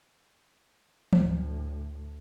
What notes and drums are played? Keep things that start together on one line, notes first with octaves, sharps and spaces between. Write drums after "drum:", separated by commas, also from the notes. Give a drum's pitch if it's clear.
D2 A2, drum: tom E3